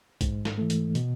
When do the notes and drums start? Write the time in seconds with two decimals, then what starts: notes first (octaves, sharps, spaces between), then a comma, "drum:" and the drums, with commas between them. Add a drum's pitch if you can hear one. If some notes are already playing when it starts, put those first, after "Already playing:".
0.21 G#2, drum: kick A#1, hi-hat
0.45 drum: snare
0.58 E3 A3
0.70 drum: hi-hat
0.95 B2, drum: hi-hat